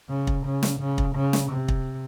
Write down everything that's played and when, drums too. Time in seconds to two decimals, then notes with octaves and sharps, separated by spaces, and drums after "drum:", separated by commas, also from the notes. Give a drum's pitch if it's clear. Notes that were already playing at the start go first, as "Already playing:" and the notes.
0.09 C#3
0.27 drum: kick
0.45 C#3
0.63 drum: snare
0.80 C#3
0.98 drum: kick
1.15 C#3
1.33 drum: snare
1.51 C3
1.68 drum: kick